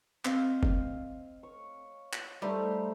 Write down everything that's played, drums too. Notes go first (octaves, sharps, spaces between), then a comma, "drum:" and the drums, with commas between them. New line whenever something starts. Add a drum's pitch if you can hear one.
C4 D#5 F5, drum: clap
drum: kick F1
C#5
drum: clap
G3 A3 D#4 C5